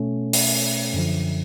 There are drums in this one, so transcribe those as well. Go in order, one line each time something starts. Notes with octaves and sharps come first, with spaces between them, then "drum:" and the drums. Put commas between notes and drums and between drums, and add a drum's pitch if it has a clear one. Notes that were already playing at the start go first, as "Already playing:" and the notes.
Already playing: B2 A3 C#4
drum: open hi-hat
F#2 D3 F3